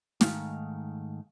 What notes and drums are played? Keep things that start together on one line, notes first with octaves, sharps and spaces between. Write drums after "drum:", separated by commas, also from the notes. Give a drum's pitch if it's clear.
G#2 D#3 A3 F5, drum: snare